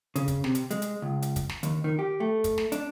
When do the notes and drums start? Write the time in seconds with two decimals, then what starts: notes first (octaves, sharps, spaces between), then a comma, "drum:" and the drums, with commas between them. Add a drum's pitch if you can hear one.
0.16 C#3, drum: hi-hat
0.28 drum: kick, hi-hat
0.44 C3, drum: snare
0.55 drum: hi-hat
0.71 G#3, drum: hi-hat
0.82 drum: hi-hat
1.02 C#2
1.22 drum: hi-hat
1.36 drum: kick, hi-hat
1.49 drum: snare
1.63 D#2, drum: hi-hat
1.84 D#3
1.99 G4
2.20 A3
2.44 drum: kick, hi-hat
2.58 drum: snare
2.72 D4, drum: hi-hat